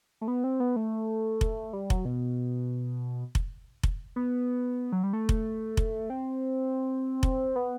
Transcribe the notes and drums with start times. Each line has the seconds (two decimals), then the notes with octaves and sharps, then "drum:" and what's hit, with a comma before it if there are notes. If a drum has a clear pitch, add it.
0.21 A3
0.28 B3
0.44 C4
0.60 B3
0.76 A3
1.41 drum: kick F1
1.73 G3
1.90 F#3, drum: kick F1
2.05 B2
3.35 drum: kick F1
3.83 drum: kick F1
4.16 B3
4.92 F#3
5.03 G3
5.13 A3
5.29 drum: kick F1
5.77 drum: kick F1
6.10 C4
7.23 drum: kick F1
7.56 B3